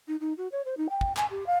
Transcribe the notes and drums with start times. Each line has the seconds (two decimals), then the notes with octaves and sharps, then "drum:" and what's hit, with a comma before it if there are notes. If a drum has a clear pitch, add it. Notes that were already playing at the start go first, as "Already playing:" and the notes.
0.08 D#4
0.20 D#4
0.37 F#4
0.52 C#5
0.65 C5
0.77 D#4
0.90 G5
1.01 drum: kick
1.17 G#5, drum: clap
1.31 G4
1.46 F5